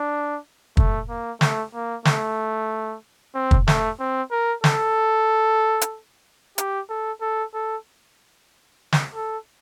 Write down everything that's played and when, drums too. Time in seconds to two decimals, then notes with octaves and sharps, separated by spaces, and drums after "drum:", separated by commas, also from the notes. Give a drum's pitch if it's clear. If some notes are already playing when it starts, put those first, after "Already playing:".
Already playing: D4
0.77 A3, drum: kick
1.09 A#3
1.41 A3, drum: snare
1.74 A#3
2.05 A3, drum: snare
3.35 C4
3.51 drum: kick
3.68 A3, drum: snare
4.00 C4
4.31 A#4
4.64 A4, drum: snare
5.81 drum: hi-hat
6.58 G4, drum: hi-hat
6.89 A4
7.21 A4
7.54 A4
8.93 drum: snare
9.15 A4